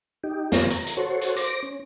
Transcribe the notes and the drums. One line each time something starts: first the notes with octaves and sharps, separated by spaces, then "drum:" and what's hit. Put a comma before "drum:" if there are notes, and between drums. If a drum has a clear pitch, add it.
D#4 G4
F2 A#3 F4 C5 A#6, drum: snare
A#5, drum: hi-hat
drum: hi-hat
F#4 A4 C5 C#5
drum: hi-hat
C5 D6 A#6, drum: hi-hat
C#4